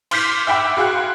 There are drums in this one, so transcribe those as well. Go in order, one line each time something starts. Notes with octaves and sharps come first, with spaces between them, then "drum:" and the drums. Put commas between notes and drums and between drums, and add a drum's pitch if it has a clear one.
C6 D6 F6 G6 B6 C7, drum: cymbal
E5 F#5 G5 B5 D6
F#4 G#4 F5 G5 C6 F#6